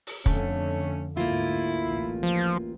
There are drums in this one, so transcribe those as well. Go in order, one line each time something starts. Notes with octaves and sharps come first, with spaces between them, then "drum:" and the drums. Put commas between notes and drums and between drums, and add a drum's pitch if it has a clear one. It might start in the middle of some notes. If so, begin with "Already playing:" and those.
drum: open hi-hat
F2 D3 A3 C#4, drum: kick
D2 G#2 A#3 E4 F4
A1
F3